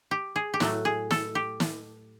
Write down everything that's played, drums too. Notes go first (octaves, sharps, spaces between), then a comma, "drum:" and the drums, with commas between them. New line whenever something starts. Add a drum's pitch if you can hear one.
G4
G#4
G4
A2 F#3 A3 F#4, drum: snare
G#4
A4, drum: snare
G4
drum: snare